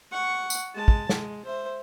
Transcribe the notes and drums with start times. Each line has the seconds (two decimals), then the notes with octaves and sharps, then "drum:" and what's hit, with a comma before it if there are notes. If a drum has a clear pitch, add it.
0.12 F#5 C#6
0.50 drum: tambourine
0.74 G#3 A5
0.88 drum: kick
1.09 G#3, drum: snare
1.45 C5 E5